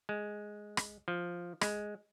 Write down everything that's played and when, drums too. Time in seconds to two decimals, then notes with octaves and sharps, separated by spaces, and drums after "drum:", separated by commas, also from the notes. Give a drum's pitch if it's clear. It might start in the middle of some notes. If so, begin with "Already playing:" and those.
0.09 G#3
0.77 drum: rim click
1.08 F3
1.61 G#3, drum: rim click